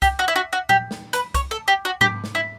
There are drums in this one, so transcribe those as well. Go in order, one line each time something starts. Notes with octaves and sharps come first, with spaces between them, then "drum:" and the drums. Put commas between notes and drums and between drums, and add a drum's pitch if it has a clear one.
G4, drum: kick C2, hi-hat
F#4
E4
F#4
F#4
G4, drum: tom A#2
drum: snare
B4, drum: hi-hat
C#5, drum: kick C2, hi-hat
A4
G4
F#4
G4, drum: tom G#2
drum: snare
E4